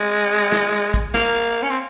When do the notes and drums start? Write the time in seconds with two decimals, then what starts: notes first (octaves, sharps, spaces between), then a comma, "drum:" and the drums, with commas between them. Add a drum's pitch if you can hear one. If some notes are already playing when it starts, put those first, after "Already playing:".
Already playing: G#3
0.52 drum: snare
0.94 drum: kick, hi-hat
1.14 A#3, drum: snare
1.36 drum: hi-hat
1.63 C#4
1.70 C4